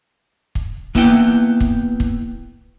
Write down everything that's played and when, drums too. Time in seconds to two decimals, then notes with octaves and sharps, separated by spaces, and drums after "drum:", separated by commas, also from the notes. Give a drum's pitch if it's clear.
0.55 drum: kick
0.95 A#3 B3 E4 G4 F#5 G5, drum: kick
1.60 drum: kick
2.00 drum: kick